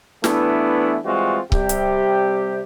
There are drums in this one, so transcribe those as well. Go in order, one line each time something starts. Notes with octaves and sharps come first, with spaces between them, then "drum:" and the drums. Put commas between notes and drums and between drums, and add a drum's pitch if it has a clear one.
E3 A3 B3 D4 E4, drum: snare
E3 G3 G#3 C4 F4 F#4
C3 G3 G4, drum: kick C#1
drum: hi-hat